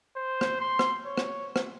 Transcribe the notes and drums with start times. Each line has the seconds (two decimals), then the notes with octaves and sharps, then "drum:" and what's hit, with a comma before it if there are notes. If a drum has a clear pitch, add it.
0.16 C5
0.41 drum: rim click
0.60 C6
0.79 drum: rim click
1.06 C#5
1.17 drum: rim click
1.56 drum: rim click